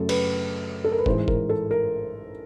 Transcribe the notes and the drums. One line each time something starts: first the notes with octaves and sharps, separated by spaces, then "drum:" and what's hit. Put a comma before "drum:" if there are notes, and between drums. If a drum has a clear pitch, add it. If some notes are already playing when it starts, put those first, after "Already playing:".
Already playing: F#2 C#3 F#3 A3 A4
B4, drum: cymbal
A4
A#4
B4
A1 G#2 E3 G#3 C5, drum: kick
A#4, drum: kick
A4
A#4